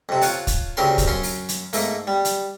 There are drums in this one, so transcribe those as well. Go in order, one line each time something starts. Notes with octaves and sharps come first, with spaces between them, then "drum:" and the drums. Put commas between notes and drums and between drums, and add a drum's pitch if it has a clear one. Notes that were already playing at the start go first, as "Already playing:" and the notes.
F2 C3
F4 C#5 F#5 A5, drum: open hi-hat
drum: kick, hi-hat
D2 C#3 C4 G4 A#4 C6
drum: kick, hi-hat
F#2 C#4 C6
drum: open hi-hat
drum: hi-hat
G#2 A3 A#3, drum: open hi-hat
G3
drum: hi-hat